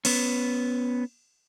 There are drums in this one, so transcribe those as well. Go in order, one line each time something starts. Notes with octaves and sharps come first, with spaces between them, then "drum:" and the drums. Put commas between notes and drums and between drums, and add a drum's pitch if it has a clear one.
B3 C#4, drum: cymbal